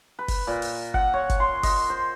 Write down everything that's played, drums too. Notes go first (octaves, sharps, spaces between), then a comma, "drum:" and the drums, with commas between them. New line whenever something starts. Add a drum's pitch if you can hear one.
B4
drum: kick, open hi-hat
A#2
drum: open hi-hat
F#5, drum: kick
C#5
drum: kick, hi-hat
C6
D#5, drum: kick, open hi-hat
C5